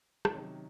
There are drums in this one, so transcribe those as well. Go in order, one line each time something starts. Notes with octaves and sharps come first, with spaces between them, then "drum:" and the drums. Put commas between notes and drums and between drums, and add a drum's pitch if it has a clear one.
D#4, drum: rim click
C3 D#3 F#3 C#4